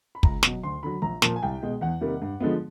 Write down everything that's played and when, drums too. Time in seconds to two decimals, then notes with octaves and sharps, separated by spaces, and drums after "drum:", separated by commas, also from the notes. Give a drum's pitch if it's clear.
0.15 B5
0.23 C#2 A#5, drum: kick
0.43 B2 F#3, drum: snare
0.63 D2 C6
0.83 D3 F#3 B5
1.02 A#1 A#5
1.22 A#2 F3 A#3 A5, drum: snare
1.36 G#5
1.43 C2 G5
1.62 B2 G#3
1.81 E2 F#5
2.01 C3 D#3 G3 A#3
2.22 G2
2.40 D3 F3 G#3 B3